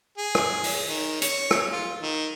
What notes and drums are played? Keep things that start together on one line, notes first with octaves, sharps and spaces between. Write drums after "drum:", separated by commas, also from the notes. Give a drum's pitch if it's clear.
G#4
drum: rim click
drum: open hi-hat
D#3
C#5, drum: hi-hat
drum: rim click
F4
D#3